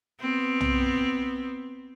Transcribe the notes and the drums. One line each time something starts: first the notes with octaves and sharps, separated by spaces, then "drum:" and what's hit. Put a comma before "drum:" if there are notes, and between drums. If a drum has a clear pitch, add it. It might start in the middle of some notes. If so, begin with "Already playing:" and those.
B3 C4
drum: tom